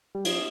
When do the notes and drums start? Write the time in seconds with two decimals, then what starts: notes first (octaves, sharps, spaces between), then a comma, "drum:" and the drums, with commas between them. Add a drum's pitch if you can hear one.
0.15 G3
0.25 F3, drum: cymbal